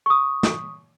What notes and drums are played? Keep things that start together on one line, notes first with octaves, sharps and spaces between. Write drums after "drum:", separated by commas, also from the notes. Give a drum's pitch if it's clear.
C#6 D#6
drum: snare